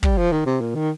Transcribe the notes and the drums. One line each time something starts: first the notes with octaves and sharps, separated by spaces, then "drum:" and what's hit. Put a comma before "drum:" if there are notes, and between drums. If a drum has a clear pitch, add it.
G3, drum: kick
F3
D#3
C3
A#2
D#3